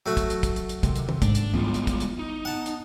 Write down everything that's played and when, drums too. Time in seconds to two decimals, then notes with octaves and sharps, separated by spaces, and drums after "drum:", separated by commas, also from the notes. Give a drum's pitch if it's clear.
0.06 F#3 A3 F#4
0.17 drum: kick, hi-hat
0.30 drum: hi-hat
0.43 drum: kick, hi-hat
0.56 drum: hi-hat
0.69 drum: hi-hat
0.83 C3 D#3, drum: kick, hi-hat
0.96 drum: hi-hat
1.09 drum: tom
1.22 G#2 D4, drum: kick, hi-hat
1.35 drum: hi-hat
1.54 G3 G#3 B3 E4 F4
1.74 drum: hi-hat
1.87 drum: kick, hi-hat
2.00 drum: hi-hat
2.19 D#4
2.45 F#5 A5
2.66 drum: hi-hat